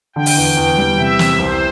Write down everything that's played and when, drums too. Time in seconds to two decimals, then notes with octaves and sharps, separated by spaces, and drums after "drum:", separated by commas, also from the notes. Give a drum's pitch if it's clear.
0.16 D3 G5
0.26 drum: open hi-hat
0.37 E2
0.57 E2
0.78 G3
0.98 C3 E5
1.19 C4, drum: snare
1.39 C2 C5